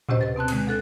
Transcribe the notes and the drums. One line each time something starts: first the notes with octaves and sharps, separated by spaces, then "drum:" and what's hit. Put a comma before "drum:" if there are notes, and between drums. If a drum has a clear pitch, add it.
D2 C3 C#4 G4 C5 D#5, drum: tom A2
B4 A6
B2 C4 A5 F#6
B2 D3 G#3, drum: cymbal
D2 A4 F#6 A6